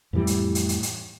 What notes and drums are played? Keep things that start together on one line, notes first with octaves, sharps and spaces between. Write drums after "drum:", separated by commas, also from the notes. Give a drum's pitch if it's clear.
F2 A2 E3 G3
drum: hi-hat
drum: hi-hat
drum: hi-hat
drum: hi-hat